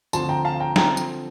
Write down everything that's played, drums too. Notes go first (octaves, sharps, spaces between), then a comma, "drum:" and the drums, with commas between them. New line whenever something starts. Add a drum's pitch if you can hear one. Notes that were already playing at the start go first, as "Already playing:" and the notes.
D2 D3 F3 C4 A5 C6, drum: tambourine
G5 A#5
F5 A5
G5 A#5
D3 F3 C4 G5 A#5, drum: snare
drum: tambourine